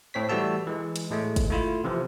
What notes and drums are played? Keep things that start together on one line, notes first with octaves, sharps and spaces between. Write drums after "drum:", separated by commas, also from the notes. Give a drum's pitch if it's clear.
A2 C4 C#5 B6
E3 G3 A3 F#4 A5 E6
E3 G#3
drum: hi-hat
A2 G#3 A3
drum: kick, hi-hat
A3 E4 F4
C3 E3 F3